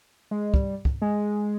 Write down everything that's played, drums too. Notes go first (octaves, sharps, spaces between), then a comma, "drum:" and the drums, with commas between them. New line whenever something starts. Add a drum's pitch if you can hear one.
G#3
G3, drum: kick
drum: kick
G#3